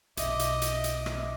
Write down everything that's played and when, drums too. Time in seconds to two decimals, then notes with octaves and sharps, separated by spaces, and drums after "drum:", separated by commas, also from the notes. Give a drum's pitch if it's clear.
0.17 B1 D#5 E5 D6, drum: hi-hat
0.39 drum: hi-hat
0.62 drum: hi-hat
0.84 drum: hi-hat
1.06 drum: rim click